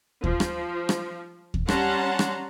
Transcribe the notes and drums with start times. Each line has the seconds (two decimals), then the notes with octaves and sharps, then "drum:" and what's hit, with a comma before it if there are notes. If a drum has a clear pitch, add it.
0.24 F3, drum: kick D#2
0.40 drum: rim click
0.89 drum: rim click
1.54 drum: kick D#2
1.69 G3 C#4 F#5 A5 A#5 C6, drum: rim click
2.19 drum: rim click